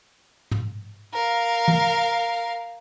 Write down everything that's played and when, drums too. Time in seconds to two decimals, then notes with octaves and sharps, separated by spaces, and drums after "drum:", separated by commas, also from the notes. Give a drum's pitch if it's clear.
0.51 drum: tom A2
1.14 A#4 F5
1.68 drum: tom